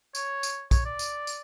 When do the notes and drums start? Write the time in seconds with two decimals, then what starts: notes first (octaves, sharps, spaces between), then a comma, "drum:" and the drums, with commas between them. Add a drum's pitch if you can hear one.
0.15 C#5, drum: tambourine
0.43 drum: tambourine
0.71 C#5, drum: kick, tambourine
0.85 D5
0.99 drum: tambourine
1.27 drum: tambourine